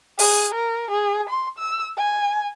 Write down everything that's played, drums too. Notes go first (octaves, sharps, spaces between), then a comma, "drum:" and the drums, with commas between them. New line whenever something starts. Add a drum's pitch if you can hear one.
G#4, drum: open hi-hat
A#4
G#4
C6
E6
G#5